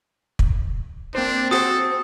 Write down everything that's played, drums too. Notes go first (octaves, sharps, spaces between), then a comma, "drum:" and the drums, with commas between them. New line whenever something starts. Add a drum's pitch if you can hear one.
drum: kick
A#3 C4 D4 C5
F#4 G#4 A4 C5 D#6